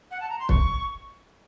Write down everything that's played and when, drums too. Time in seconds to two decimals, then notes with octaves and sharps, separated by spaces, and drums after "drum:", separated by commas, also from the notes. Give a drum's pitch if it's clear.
0.11 F#5
0.20 A5
0.29 A#5
0.40 C6
0.49 C#6, drum: kick